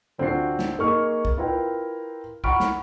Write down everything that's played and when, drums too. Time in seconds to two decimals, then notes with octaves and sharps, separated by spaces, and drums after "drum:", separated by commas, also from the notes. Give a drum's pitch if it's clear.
0.18 D2 C4 D4 F4 F#4 C7
0.59 drum: snare
0.79 A#3 D#4 G#4 C#6 F6
1.25 drum: kick
1.37 E4 F4 A#4 B4 G5
2.44 F#5 A#5 B5 C#6 F6 D7, drum: kick
2.60 drum: snare